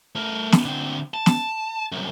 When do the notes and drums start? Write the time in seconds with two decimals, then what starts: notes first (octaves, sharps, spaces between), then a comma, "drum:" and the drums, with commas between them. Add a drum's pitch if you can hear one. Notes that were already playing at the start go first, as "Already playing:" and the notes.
0.16 A3 A#4
0.52 drum: snare
0.65 D3 C4
1.14 A5
1.26 drum: snare
1.92 C2 F#2